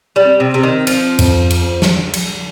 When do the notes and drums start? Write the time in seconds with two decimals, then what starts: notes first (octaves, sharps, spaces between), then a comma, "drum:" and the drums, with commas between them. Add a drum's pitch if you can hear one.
0.16 G3
0.25 C4
0.40 C3
0.54 C3 C4
0.63 D#3
0.87 F3 C4, drum: cymbal
1.19 F2, drum: cymbal
1.50 drum: cymbal
1.82 drum: snare
2.13 drum: cymbal